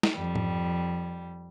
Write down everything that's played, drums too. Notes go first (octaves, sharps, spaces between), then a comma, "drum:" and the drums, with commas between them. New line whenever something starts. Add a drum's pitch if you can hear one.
drum: snare
F2 G3
drum: tom G#2